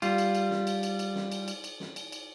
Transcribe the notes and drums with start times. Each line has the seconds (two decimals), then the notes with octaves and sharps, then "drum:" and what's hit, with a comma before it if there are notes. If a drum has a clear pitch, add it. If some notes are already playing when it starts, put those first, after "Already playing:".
0.02 G3 F4, drum: cymbal
0.18 drum: cymbal
0.35 drum: cymbal
0.51 drum: snare
0.67 drum: cymbal
0.83 drum: cymbal
0.99 drum: cymbal
1.15 drum: snare
1.32 drum: cymbal
1.48 drum: cymbal
1.64 drum: cymbal
1.80 drum: snare
1.96 drum: cymbal
2.12 drum: cymbal